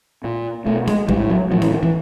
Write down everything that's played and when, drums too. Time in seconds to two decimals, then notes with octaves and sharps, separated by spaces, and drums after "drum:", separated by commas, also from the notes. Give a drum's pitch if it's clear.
0.24 A#2
0.66 B2 A3
0.87 G#3, drum: snare D4
1.09 A2 G3, drum: kick
1.30 F#3
1.51 A2 F3
1.62 E3, drum: snare D4
1.72 D#3
1.83 E3